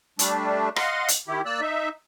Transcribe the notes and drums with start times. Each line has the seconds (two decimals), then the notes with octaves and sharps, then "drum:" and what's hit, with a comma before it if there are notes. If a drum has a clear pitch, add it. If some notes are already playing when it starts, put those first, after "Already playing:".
0.19 G3 A3 D4, drum: hi-hat
0.76 D#5 F5 F#5 C6, drum: rim click
1.08 drum: hi-hat
1.28 D#3 E4 G4
1.45 A#3 D5 E6 F#6
1.61 D#4 E5